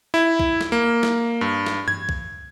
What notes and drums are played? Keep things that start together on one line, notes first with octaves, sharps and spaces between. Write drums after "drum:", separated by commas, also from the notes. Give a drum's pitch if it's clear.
E4
drum: kick B1
drum: snare
A#3
drum: snare
G2
drum: snare
G#6, drum: tom G2
drum: kick B1